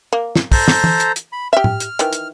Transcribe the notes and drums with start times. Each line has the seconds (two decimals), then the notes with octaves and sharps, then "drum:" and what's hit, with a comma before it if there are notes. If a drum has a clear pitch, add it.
0.13 A#3
0.35 drum: snare
0.52 A4 C5 A#5, drum: kick, open hi-hat
0.68 drum: snare
0.84 drum: tom E3
1.00 drum: hi-hat
1.16 drum: hi-hat
1.33 B5
1.53 G4 E5 F6
1.64 drum: tom A2
1.80 drum: hi-hat
1.99 D#3 E3 G5, drum: hi-hat
2.13 drum: hi-hat